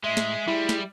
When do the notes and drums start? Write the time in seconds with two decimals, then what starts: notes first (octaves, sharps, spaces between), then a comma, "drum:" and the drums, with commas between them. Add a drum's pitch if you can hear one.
0.04 A2 G#3 E5 C6
0.17 drum: snare
0.48 G3 E4 G#4 C6
0.69 drum: snare